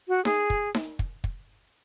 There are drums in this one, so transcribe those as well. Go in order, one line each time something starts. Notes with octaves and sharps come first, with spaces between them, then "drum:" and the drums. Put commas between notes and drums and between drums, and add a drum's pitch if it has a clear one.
F#4
G#4, drum: snare D#4
drum: kick
drum: snare D#4
drum: kick
drum: kick